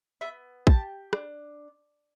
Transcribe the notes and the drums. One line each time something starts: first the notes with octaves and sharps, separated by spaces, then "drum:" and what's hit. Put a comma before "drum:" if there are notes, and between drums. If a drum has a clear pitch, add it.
B3 E5
G4 A5, drum: kick
D4, drum: rim click